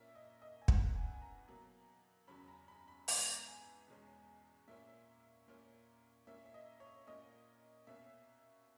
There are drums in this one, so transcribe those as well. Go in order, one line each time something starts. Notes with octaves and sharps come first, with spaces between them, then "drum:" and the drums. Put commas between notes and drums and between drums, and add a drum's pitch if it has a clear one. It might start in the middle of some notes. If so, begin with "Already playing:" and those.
Already playing: A#2 A#3 C#4 E5
D#5
D#5
G#5
F#2 C#3 E3 B3 F#5, drum: kick
G#5
G#5
A#5
B2 F#3 A#3
E2 C#3 F#3 C#4 B5
A#5
B5
B5
G#2 E3 B3 A#5, drum: open hi-hat
G#5
E2 B2 G#3 C#4
A#2 A#3 C#4 E5
A#2 A#3 C#4
A#2 A#3 C#4 E5
E5
D#5
C#5
A#2 A#3 C#4 D#5
B2 A#3 C#4 E5